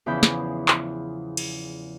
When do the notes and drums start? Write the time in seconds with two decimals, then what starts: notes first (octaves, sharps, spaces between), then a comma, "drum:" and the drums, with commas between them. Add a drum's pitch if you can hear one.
0.06 E2 C#3 E3 F3 B5 G6
0.23 drum: snare
0.68 drum: clap
1.37 drum: cymbal